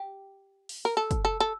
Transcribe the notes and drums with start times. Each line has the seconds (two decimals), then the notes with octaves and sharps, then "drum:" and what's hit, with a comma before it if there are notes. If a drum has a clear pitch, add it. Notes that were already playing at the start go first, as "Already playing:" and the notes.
Already playing: G4
0.69 drum: open hi-hat
0.85 A#4
0.97 A4
1.11 drum: kick, hi-hat
1.25 A4
1.40 A4